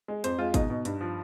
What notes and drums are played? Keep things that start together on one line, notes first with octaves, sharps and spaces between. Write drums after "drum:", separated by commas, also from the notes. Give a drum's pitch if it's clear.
G#3
F2 C5, drum: hi-hat
G#3 F4
B2 D#4, drum: kick, hi-hat
B2
G2, drum: hi-hat
F3